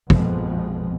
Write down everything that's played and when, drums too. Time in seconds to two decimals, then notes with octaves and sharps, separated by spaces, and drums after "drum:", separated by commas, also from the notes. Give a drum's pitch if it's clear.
0.10 A#1 F2 B2 F3 G#3, drum: kick